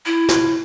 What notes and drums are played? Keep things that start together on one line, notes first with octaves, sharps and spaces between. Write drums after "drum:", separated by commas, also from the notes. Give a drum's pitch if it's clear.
E4
drum: snare